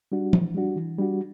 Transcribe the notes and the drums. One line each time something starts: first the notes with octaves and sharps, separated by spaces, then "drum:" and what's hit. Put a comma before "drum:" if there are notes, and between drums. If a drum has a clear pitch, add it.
G3 D4 F#4
E3, drum: tom F3
G3 D4 F#4
E3
G3 D4 F#4